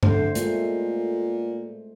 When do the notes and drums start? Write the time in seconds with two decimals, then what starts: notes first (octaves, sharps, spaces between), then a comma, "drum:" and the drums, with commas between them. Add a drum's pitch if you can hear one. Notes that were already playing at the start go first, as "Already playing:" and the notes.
0.03 D3 A3 C5, drum: tom G2
0.35 A#2 G#3, drum: hi-hat